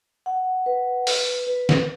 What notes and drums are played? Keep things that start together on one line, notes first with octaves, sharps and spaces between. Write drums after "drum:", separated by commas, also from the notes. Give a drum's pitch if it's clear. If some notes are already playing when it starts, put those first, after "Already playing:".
F#5
B4
B4, drum: open hi-hat
B4
drum: snare